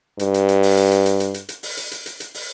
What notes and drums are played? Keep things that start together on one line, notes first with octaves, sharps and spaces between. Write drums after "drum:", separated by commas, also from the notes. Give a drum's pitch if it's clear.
G2, drum: hi-hat
drum: hi-hat
drum: hi-hat
drum: open hi-hat
drum: hi-hat
drum: hi-hat
drum: hi-hat
drum: hi-hat
drum: hi-hat
drum: hi-hat
drum: open hi-hat
drum: hi-hat
drum: hi-hat
drum: hi-hat
drum: hi-hat
drum: open hi-hat